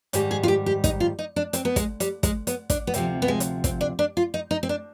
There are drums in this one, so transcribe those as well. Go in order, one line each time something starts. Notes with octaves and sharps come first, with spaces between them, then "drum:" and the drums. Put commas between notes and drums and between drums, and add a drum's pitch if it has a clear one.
G#2 D#3 G3 G4, drum: hi-hat
G#4
F4
G4
G4
D#4, drum: kick, hi-hat
F4
D#4
D4
C4, drum: hi-hat
B3
G#3, drum: kick, hi-hat
G3, drum: hi-hat
G#3, drum: kick, hi-hat
B3, drum: hi-hat
D4, drum: kick, hi-hat
B3
D2 C3 F3 C4, drum: hi-hat
B3
G#3
drum: hi-hat
C4, drum: kick, hi-hat
D4
D4
F4
D#4
D#4
C4
D4